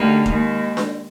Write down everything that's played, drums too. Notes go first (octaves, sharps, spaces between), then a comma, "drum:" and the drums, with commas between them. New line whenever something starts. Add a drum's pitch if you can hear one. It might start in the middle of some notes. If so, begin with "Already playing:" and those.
Already playing: D2 D3 G3 A#3 D#4
D#2 D#3 G#3, drum: kick F1
drum: snare D4